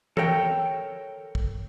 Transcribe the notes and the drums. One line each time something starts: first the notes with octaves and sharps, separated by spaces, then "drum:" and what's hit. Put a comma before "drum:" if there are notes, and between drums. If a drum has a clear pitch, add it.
A4 A#4 C#5 G5, drum: tom E3
drum: kick